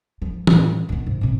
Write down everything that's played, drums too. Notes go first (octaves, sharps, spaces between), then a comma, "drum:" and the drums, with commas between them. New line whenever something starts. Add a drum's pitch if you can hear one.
F3
A2, drum: tom
D#3 B3
G#2
B2 C4